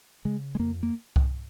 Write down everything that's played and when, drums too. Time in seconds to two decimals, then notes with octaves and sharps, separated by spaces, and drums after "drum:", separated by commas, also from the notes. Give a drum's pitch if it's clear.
0.25 C#3 G#3
0.55 G#3
0.59 F2 A#3
0.83 A#3
1.16 drum: kick C2